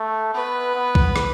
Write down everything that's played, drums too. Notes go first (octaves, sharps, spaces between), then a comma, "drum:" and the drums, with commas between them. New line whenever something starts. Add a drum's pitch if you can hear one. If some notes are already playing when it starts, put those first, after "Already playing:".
Already playing: A3
B3 B4
B3
drum: kick B1
drum: rim click